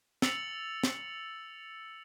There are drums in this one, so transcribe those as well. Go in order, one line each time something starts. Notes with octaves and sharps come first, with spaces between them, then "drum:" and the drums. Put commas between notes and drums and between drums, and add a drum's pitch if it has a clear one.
E6 A6 C#7 F7 F#7, drum: snare
drum: snare